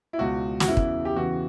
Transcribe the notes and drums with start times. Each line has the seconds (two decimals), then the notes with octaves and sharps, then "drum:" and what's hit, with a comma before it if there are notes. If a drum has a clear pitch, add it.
0.13 E4
0.18 C#2 B2 F#4
0.60 F#4, drum: snare
0.67 E2 C#3 E3 E4
0.77 drum: kick
1.05 G4
1.16 E2 C#3 E3 F#4